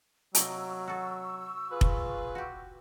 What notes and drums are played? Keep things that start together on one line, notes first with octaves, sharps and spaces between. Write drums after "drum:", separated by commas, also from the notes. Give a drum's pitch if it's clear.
C3 F#3 A#3 D#5 C#6 E6, drum: hi-hat
F#4 A4
F4 G#4 B4
drum: kick F1
F#4 G4